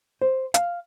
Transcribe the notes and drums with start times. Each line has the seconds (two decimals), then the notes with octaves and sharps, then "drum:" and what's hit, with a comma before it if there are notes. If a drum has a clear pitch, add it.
0.22 C5
0.54 F5, drum: hi-hat